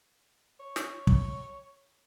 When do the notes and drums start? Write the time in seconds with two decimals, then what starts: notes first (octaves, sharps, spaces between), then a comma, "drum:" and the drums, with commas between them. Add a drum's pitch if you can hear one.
0.60 C#5
0.76 drum: snare
1.07 drum: kick